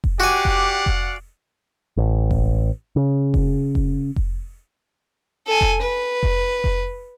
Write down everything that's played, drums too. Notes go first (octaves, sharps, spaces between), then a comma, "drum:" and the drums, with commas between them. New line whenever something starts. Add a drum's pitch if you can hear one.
drum: kick F1
F#4 G4 D5 F5 F#5 G#5 D6
drum: kick F1
drum: kick F1
A1
drum: kick F1
C#3
drum: kick F1
drum: kick F1
drum: kick F1
A4 G#5
drum: kick F1
B4
drum: kick F1
drum: kick F1